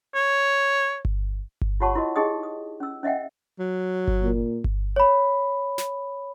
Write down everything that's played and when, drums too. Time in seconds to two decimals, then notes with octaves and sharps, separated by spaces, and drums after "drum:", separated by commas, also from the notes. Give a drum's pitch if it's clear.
0.15 C#5
1.05 drum: kick G1
1.61 drum: kick G1
1.80 F4 G4 C#5 F#5 A5 C#6
1.95 E4 F#4 A#4 D#5
2.16 D#4 G4 G#4 D#5 G5 D#6
2.43 D#6
2.80 C#4 E6
3.03 C#4 D#5 E5 F#5 G5
3.59 F#3
4.08 drum: kick G1
4.23 A#2
4.64 drum: kick G1
4.96 C#5 B5
5.78 drum: snare